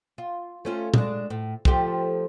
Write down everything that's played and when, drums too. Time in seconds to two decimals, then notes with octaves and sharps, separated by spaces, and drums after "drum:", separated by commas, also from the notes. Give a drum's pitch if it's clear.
0.18 F4
0.65 A3 C#4 F4
0.94 G#3 D4, drum: tom A#2
1.30 A2
1.65 F3 A3 G4, drum: kick